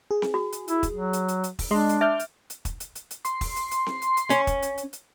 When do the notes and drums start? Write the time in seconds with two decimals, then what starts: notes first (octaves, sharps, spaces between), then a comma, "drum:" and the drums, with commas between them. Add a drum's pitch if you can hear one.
0.11 G#4
0.22 drum: snare C4
0.34 F#4
0.52 drum: hi-hat
0.68 E4, drum: hi-hat
0.83 drum: kick, hi-hat
0.93 F#3
1.13 drum: hi-hat
1.28 drum: hi-hat
1.44 drum: hi-hat
1.59 drum: kick, open hi-hat
1.71 G#3 D4 D#5 C6
1.89 drum: hi-hat
2.01 E5 D6 F6 G6
2.19 drum: hi-hat
2.50 drum: hi-hat
2.65 drum: kick, hi-hat
2.80 drum: hi-hat
2.95 drum: hi-hat
3.11 drum: hi-hat
3.25 C6, drum: hi-hat
3.41 drum: kick, open hi-hat
3.56 drum: hi-hat
3.71 drum: hi-hat
3.86 drum: snare C4
4.02 drum: hi-hat
4.17 drum: hi-hat
4.30 C#4, drum: hi-hat
4.47 drum: kick, hi-hat
4.62 drum: hi-hat
4.78 drum: hi-hat
4.93 drum: hi-hat